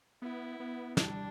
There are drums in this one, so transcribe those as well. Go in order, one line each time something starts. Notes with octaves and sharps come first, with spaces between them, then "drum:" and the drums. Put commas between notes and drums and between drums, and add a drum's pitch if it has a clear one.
B3 E4
B3
G3 D4, drum: snare